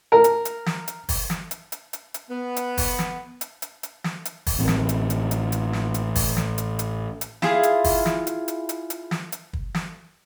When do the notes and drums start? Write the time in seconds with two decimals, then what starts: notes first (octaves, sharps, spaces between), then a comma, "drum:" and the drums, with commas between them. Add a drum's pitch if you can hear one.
0.12 A#4
0.24 drum: hi-hat
0.45 drum: hi-hat
0.66 drum: snare
0.88 drum: hi-hat
1.09 drum: kick, open hi-hat
1.30 drum: snare
1.51 drum: hi-hat
1.72 drum: hi-hat
1.93 drum: hi-hat
2.14 drum: hi-hat
2.30 B3
2.56 drum: hi-hat
2.78 drum: kick, open hi-hat
2.99 drum: snare
3.41 drum: hi-hat
3.62 drum: hi-hat
3.83 drum: hi-hat
4.04 drum: snare
4.25 drum: hi-hat
4.47 drum: kick, open hi-hat
4.59 A1 C4
4.68 drum: snare
4.89 drum: hi-hat
5.10 drum: hi-hat
5.31 drum: hi-hat
5.52 drum: hi-hat
5.73 drum: snare
5.94 drum: hi-hat
6.15 drum: kick, open hi-hat
6.37 drum: snare
6.58 drum: hi-hat
6.79 drum: hi-hat
7.21 drum: hi-hat
7.42 E4 F4 G#4, drum: snare
7.63 drum: hi-hat
7.84 drum: kick, open hi-hat
8.06 drum: snare
8.27 drum: hi-hat
8.48 drum: hi-hat
8.69 drum: hi-hat
8.90 drum: hi-hat
9.11 drum: snare
9.32 drum: hi-hat
9.53 drum: kick
9.75 drum: snare